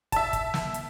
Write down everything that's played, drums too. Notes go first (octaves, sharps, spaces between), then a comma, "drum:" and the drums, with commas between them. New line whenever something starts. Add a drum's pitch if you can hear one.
E5 A5, drum: kick, hi-hat
drum: kick, hi-hat
drum: snare
drum: hi-hat